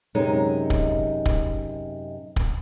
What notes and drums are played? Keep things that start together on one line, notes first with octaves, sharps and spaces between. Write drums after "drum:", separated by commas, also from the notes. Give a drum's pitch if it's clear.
F#2 C3 G#3 D#4
drum: kick
drum: kick
drum: kick